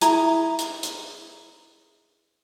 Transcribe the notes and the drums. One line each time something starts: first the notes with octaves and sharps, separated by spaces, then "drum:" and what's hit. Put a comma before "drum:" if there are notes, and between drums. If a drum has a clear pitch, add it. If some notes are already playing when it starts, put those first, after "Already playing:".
E4 G#4 A#5, drum: hi-hat
drum: hi-hat
drum: hi-hat